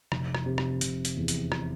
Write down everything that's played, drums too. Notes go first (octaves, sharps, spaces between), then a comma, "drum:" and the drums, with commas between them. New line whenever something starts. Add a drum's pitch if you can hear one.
F1, drum: rim click
drum: rim click
C3
drum: rim click
F1, drum: hi-hat
drum: hi-hat
E2
drum: hi-hat
drum: rim click